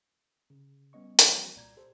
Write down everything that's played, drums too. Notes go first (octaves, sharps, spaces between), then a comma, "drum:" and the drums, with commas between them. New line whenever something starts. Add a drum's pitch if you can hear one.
C#3
G3 B3 C#4 D#5 C#6
E3 F3 G3 A#3 C4 F#4, drum: hi-hat
C2 A#2 D5 A#5 G6 G#6
G4 A4 C5